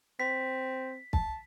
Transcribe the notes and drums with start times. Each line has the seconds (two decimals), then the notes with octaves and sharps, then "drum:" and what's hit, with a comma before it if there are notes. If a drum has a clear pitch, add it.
0.20 C4 B6
1.13 A5, drum: kick